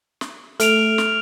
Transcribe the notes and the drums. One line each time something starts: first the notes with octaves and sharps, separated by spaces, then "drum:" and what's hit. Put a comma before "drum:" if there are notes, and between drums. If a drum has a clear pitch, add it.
drum: snare
A3 F6 D7 F7, drum: hi-hat
drum: snare